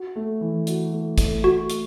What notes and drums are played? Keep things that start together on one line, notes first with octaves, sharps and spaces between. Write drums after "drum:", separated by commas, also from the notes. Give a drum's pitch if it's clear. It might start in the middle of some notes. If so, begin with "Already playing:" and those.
Already playing: F#4
A3
E3
F#4, drum: hi-hat
A3
A3, drum: kick, hi-hat
A3 F#4
A3, drum: hi-hat